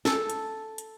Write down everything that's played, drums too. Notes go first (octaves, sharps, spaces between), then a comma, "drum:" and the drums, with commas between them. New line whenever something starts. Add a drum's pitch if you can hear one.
A4, drum: snare
drum: hi-hat
drum: hi-hat